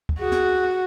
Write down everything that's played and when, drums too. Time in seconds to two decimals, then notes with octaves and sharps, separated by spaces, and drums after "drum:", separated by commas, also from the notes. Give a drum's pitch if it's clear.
0.09 drum: kick
0.19 F#4 G#4
0.32 drum: snare